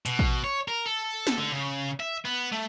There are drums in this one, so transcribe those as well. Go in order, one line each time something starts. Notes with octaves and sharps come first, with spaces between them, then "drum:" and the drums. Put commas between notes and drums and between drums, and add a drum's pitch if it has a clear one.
B2, drum: hi-hat
drum: kick
C#5
A#4
A4
drum: snare A3
D3
C#3
E5
B3
A3